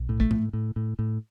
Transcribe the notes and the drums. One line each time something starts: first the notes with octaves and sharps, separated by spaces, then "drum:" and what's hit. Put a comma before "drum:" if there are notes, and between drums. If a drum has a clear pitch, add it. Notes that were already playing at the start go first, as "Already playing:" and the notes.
Already playing: B1
A2
A3, drum: kick
A2, drum: tom G#2
A2
A2
A2